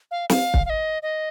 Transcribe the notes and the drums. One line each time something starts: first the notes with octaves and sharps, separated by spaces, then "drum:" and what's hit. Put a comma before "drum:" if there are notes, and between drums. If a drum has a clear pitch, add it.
F5
F5, drum: snare
drum: kick
F5
D#5
D#5